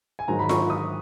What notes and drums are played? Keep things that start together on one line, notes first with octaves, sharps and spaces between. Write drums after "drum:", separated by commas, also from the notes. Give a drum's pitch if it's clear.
G#5
G#2 D#3 F#3 A#5
B5
C#6, drum: snare F4
D#6